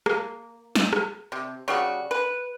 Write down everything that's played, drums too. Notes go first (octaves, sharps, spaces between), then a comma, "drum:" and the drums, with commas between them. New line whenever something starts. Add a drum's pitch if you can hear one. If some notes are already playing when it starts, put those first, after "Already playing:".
A#3, drum: rim click
drum: snare
drum: rim click
C3
C#3 G3 F#4
B4